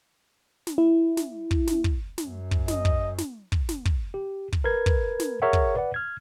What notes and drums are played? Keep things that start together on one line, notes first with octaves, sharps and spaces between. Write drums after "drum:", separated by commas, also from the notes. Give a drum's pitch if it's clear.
drum: snare
E4
drum: snare
drum: kick
drum: snare
drum: kick
drum: snare
F#2
drum: kick
D#5, drum: snare
drum: kick
drum: snare
drum: kick
drum: snare
drum: kick
G4
drum: kick
A#4 B4 G#6
drum: kick
drum: snare
G#4 A#4 C#5 E5 F#5
drum: kick
B4 D5 F#5
F6 G#6